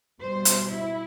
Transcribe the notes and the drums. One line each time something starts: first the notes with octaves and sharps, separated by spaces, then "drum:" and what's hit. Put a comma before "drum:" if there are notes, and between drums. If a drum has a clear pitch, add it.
B2 G3 C5
drum: hi-hat
E4